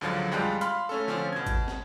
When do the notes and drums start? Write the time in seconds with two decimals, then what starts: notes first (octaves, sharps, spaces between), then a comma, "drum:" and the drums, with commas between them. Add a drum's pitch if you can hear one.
0.01 C#2 D3 F3 F#3 F5 A6
0.31 F2 G3 G#3 F4 G5 F#6
0.61 F5 B5 C6 F6, drum: hi-hat
0.89 A3 C#4 A4
1.07 D3 F3 C4 C#4 F4
1.33 B2 G#6
1.47 drum: kick G#1, hi-hat
1.68 drum: snare